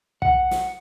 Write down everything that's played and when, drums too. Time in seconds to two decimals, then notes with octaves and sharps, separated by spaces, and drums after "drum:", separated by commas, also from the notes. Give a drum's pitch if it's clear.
0.22 F#5, drum: kick
0.51 drum: snare